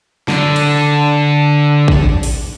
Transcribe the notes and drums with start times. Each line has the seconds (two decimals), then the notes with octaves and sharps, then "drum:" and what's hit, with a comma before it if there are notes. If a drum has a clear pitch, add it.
0.28 D3 D4, drum: snare
0.56 drum: cymbal
1.88 drum: kick
2.23 drum: open hi-hat